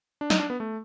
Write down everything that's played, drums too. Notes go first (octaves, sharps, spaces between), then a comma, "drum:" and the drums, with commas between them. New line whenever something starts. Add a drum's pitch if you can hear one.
D4
D#4, drum: snare
D4
B3
A3